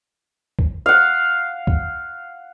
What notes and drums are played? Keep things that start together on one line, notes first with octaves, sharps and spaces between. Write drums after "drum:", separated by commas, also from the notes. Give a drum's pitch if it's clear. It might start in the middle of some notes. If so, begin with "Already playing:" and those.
drum: kick
F5 F#5
drum: kick